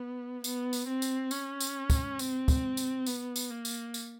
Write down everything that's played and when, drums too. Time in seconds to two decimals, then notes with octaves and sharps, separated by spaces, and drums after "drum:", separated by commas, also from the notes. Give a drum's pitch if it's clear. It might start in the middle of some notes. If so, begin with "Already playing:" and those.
Already playing: B3
0.44 B3, drum: tambourine
0.73 drum: tambourine
0.87 C4
1.02 drum: tambourine
1.31 C#4, drum: tambourine
1.60 drum: tambourine
1.90 drum: kick, tambourine
2.19 C4, drum: tambourine
2.48 drum: kick, tambourine
2.77 drum: tambourine
3.06 B3, drum: tambourine
3.36 drum: tambourine
3.50 A#3
3.65 drum: tambourine
3.94 drum: tambourine